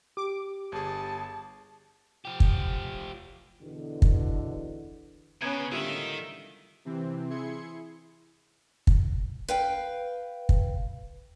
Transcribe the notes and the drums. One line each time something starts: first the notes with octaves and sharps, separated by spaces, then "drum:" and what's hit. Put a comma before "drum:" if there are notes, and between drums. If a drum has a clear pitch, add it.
G4 D6
G1 G#4 A5
F3 G4
drum: kick
E2 B2 D3
drum: kick
C#3 B3 C#4 B4 A#5 G#6
C#2 A2 D3 D#3 G3 F4 E5
C3 E3 C4
E4 G#4 C6 G#6 C#7
drum: kick
B4 F5 G5
drum: kick